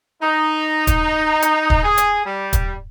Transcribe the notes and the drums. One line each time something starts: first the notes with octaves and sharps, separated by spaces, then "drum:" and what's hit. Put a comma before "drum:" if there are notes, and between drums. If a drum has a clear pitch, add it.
D#4
drum: kick, hi-hat
drum: hi-hat
drum: kick
G#4
drum: hi-hat
G3
drum: kick, hi-hat